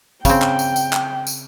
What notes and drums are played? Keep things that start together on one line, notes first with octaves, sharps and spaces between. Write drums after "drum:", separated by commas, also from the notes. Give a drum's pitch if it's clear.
C#3 C4 G5, drum: kick, tambourine
drum: clap
drum: tambourine
drum: tambourine
drum: clap
drum: tambourine